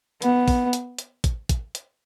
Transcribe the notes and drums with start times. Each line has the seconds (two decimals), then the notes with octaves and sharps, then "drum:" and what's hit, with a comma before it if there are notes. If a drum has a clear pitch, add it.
0.22 B3, drum: hi-hat
0.48 drum: kick, open hi-hat
0.73 drum: hi-hat
0.99 drum: hi-hat
1.24 drum: kick, hi-hat
1.49 drum: kick, hi-hat
1.75 drum: hi-hat